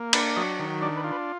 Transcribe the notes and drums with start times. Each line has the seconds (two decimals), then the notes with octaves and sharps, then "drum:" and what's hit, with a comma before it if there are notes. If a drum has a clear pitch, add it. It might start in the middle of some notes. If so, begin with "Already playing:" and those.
Already playing: A#3
0.13 D4 B4, drum: cymbal
0.36 F#3 D#5
0.59 D#3
0.81 D4 D5
0.96 B4
1.04 F4
1.12 B4